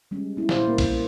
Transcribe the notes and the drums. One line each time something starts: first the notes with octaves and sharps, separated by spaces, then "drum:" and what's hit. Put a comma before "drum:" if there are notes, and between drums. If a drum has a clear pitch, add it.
G3 G#3 C#4
B3 E4
A#2 E4 C5 D5 F5, drum: snare
A#3 A#4
drum: kick, cymbal